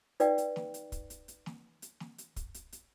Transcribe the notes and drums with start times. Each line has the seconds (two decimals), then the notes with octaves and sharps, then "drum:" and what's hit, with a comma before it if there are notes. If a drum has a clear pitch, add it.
0.20 D#4 B4 D5 F5 G5, drum: hi-hat
0.38 drum: hi-hat
0.56 drum: snare
0.74 drum: hi-hat
0.92 drum: kick, hi-hat
1.10 drum: hi-hat
1.28 drum: hi-hat
1.46 drum: snare
1.82 drum: hi-hat
2.00 drum: snare
2.18 drum: hi-hat
2.36 drum: kick, hi-hat
2.54 drum: hi-hat
2.72 drum: hi-hat